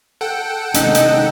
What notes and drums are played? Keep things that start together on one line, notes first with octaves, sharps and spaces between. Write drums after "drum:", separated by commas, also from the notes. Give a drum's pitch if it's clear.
A4 F#5 G5
C3 D#3 G#3 C4 C#4 D#4, drum: hi-hat
drum: hi-hat